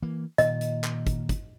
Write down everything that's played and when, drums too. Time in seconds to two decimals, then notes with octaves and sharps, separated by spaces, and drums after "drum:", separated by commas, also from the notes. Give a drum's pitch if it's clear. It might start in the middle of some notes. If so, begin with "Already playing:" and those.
0.02 E3 A#3
0.38 A#2 D#3 D#5, drum: hi-hat
0.61 drum: hi-hat
0.84 drum: clap
1.07 drum: kick, hi-hat
1.29 drum: kick, hi-hat